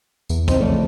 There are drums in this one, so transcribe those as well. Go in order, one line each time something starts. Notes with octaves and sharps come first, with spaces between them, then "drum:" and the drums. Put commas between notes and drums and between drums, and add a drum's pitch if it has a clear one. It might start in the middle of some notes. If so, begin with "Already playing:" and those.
E2, drum: tambourine
C4 D#4, drum: kick, tambourine
F2 C#3 A3 D5